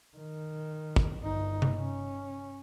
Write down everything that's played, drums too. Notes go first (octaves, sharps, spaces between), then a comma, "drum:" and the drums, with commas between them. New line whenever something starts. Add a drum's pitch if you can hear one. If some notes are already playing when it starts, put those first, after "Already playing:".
D#3
drum: kick
G1 D#4
drum: tom C3
C#4